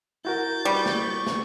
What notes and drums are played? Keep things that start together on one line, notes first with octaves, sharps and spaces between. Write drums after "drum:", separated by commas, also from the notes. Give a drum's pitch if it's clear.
E4 F#4 A#4 G6 A6
G3 C#6
drum: snare
drum: snare